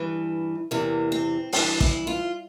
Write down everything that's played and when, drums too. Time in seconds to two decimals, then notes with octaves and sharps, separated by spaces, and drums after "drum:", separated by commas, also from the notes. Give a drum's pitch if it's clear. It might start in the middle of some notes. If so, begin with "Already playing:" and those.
Already playing: G2 E3 E4
0.71 E2 C3 E3 A#3
1.12 C4
1.53 G2 E3 D4, drum: open hi-hat
1.80 E4, drum: kick
2.07 F4